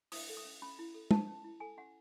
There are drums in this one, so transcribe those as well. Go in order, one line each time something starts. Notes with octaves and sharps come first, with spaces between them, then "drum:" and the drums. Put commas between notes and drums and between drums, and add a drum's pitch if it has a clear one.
E4 D#6, drum: open hi-hat
A4
D#6
C#4
C#4 B5
E4
A4
C#4 A5, drum: tom
C#4
E4
A4 G#5
C#4 F#5